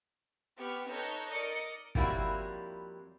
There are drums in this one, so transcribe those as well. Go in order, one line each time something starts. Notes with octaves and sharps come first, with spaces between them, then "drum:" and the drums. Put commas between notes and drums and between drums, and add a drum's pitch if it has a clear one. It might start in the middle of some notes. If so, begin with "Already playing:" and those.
B3 G4 C#6 F6
D#4 A4 B4 C#5 G6
A#4 D5 D#5 C#7
F2 G3 A#3 E4 F#4 C#5, drum: kick